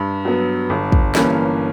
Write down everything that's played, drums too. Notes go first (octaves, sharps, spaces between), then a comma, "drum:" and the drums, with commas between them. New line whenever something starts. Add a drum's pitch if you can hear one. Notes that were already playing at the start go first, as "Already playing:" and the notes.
Already playing: G2 B5
F#3 B3
G1
drum: kick
G2 E3 A#3 C#4, drum: snare